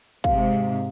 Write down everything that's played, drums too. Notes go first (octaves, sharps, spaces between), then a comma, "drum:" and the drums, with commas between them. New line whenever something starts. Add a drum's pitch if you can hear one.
G#2 C3 F5, drum: kick